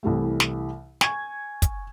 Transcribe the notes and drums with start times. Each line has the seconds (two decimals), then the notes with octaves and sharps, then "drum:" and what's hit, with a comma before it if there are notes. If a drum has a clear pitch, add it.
0.03 C2 E3 G3 A3
0.40 drum: snare
1.01 G#5 C#6 G#6, drum: snare
1.62 drum: kick, hi-hat